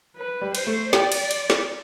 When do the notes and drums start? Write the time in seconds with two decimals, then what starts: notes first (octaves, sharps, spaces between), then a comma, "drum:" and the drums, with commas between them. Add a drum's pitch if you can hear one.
0.16 B4
0.42 G3
0.55 C5, drum: cymbal
0.67 A3
0.93 G4 D5, drum: snare
1.12 drum: cymbal
1.31 drum: cymbal
1.50 drum: snare